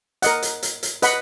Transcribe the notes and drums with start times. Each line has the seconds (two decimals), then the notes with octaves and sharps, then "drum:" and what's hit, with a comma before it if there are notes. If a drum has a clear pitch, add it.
0.22 A#4 D#5 F#5, drum: hi-hat
0.42 drum: hi-hat
0.63 drum: hi-hat
0.83 drum: hi-hat
1.02 B4 D#5 F#5 B5, drum: hi-hat